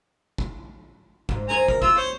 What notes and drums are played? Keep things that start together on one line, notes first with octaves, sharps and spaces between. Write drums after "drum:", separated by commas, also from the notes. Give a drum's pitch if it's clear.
drum: kick
G#2, drum: kick
F#2 G#4 C5 G#5 A#5
A#4, drum: kick
F4 E6, drum: kick
C5 C#5